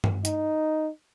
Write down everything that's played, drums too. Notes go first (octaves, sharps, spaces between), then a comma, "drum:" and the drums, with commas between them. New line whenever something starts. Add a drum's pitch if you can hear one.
drum: tom G2
D#4, drum: hi-hat